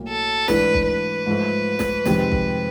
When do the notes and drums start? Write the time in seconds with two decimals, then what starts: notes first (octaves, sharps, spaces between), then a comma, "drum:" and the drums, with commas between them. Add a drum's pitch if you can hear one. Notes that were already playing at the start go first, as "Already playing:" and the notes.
Already playing: B1 A2 F#3 A#3
0.08 A4
0.48 G#2 E3 A3 D4 B4, drum: snare
0.74 drum: kick
0.87 B4
1.26 G#2 F3 A3
1.79 drum: snare
2.06 F2 C3 D#3 G#3 C4, drum: snare
2.32 drum: kick